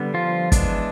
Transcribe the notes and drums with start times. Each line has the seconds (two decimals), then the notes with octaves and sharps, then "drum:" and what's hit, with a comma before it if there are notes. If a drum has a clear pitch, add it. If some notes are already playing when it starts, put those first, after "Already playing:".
Already playing: D3 G3 B3
0.14 F3 F4
0.52 E3 G#3 B3 D4, drum: kick, hi-hat